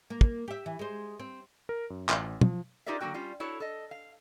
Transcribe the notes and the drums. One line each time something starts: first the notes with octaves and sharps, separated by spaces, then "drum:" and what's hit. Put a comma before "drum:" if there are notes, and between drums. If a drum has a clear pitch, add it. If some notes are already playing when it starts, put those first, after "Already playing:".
A#3
drum: kick
G4 E5
E3
G#3 C5
C4
A#4
F#2
A1, drum: clap
F3, drum: tom
D#4 F4 G4 A#4 D5 E5
D3 F#3 A#3 F#4 G5
G3 C#4 F4
E4 F#4 A4 C#5
A4 D#5
F5